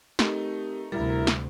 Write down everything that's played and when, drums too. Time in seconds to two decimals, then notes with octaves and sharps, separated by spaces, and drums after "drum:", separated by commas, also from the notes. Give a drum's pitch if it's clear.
0.19 A3 C4 D#4 G4 A#4, drum: snare
0.92 D2 C3 G3 E4 A#4 A6
1.27 drum: snare